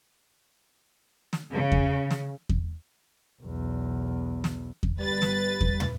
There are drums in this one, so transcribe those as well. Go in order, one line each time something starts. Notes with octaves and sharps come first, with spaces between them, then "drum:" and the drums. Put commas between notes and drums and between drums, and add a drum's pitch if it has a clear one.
drum: snare
C#3
drum: kick E2
drum: snare
drum: kick E2
B1 E2
drum: snare
drum: kick E2
G1 G3 B4 A6
drum: snare
drum: kick E2
drum: tom